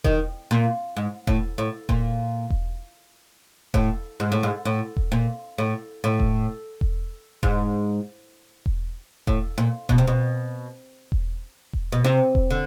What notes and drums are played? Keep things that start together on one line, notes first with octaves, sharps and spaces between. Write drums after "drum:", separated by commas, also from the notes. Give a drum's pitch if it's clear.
D#3, drum: kick E1
A#2
G#2
A2, drum: kick E1
A2
A#2, drum: kick E1
drum: kick E1
A2, drum: kick E1
G#2
A2
G#2
A2
drum: kick E1
A#2
A2
A2
drum: kick E1
drum: kick E1
G#2, drum: kick E1
drum: kick E1
A2, drum: kick E1
A#2
B2, drum: kick E1
C3
B2
drum: kick E1
drum: kick E1
B2
C3
drum: kick E1
D3